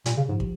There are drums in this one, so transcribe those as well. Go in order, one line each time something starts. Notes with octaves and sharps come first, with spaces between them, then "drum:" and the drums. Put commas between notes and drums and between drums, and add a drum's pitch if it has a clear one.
A#2 G3, drum: hi-hat
C#3
G#2 F3
G3, drum: kick